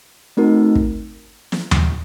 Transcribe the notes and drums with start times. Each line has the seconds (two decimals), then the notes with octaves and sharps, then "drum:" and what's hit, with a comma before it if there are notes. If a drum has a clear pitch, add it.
0.37 A3 C4 D#4 F#4 A#4
0.75 drum: kick
1.52 drum: snare
1.71 drum: tom D#2